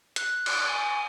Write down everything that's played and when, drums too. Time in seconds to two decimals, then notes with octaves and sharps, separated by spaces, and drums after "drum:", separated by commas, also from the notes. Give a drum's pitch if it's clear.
0.16 F#6, drum: hi-hat
0.46 drum: cymbal
0.68 G#5